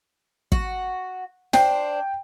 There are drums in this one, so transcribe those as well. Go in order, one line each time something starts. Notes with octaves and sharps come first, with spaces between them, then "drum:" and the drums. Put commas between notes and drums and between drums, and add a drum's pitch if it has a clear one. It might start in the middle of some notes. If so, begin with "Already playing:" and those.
F#4, drum: kick
D4 C5 G5, drum: snare